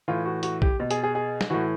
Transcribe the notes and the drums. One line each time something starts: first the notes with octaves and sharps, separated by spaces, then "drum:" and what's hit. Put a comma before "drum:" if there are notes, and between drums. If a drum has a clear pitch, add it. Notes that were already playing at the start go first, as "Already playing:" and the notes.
A2 E3 F4
F#4
F#4, drum: hi-hat
G4, drum: kick B1
B2
G#4, drum: hi-hat
G#4
G#4
drum: snare
A2 E3 F#4